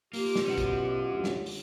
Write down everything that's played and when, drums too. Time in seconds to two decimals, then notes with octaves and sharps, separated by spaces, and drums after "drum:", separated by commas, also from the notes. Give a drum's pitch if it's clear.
0.13 A#3 F4 G4, drum: open hi-hat
0.36 drum: snare
0.46 B2 C#4 F#4
0.58 drum: kick A#1, hi-hat
1.10 D2
1.24 drum: snare
1.46 drum: open hi-hat